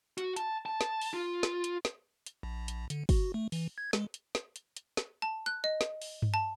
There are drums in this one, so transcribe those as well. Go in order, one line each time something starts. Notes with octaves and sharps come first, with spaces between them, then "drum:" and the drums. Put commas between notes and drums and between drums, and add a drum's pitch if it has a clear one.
F#4, drum: hi-hat
A5, drum: hi-hat
A5
drum: snare
drum: open hi-hat
F4
drum: snare
drum: hi-hat
drum: snare
drum: hi-hat
A#1
drum: hi-hat
D3, drum: hi-hat
F#4, drum: kick, open hi-hat
A3
E3, drum: open hi-hat
G#6
G#3, drum: snare
drum: hi-hat
drum: snare
drum: hi-hat
drum: hi-hat
drum: snare
A5
F#6
D#5
drum: snare
drum: open hi-hat
drum: tom G2
A5